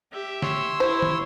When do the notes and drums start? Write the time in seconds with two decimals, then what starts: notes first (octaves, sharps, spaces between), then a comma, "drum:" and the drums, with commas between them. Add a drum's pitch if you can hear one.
0.12 G4 E5
0.42 C#5 C6 E6, drum: snare
0.80 E4 C5
1.02 drum: tom